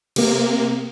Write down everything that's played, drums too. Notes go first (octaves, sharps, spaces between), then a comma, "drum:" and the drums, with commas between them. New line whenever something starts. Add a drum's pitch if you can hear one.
C3 A#3, drum: cymbal